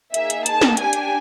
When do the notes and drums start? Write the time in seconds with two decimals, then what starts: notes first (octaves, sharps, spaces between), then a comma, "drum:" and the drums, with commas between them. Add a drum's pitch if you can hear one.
0.14 A#3 D#4 G#4 E5, drum: hi-hat
0.30 drum: hi-hat
0.46 A5, drum: hi-hat
0.61 drum: snare
0.77 D4 G4 G#5, drum: hi-hat
0.93 drum: hi-hat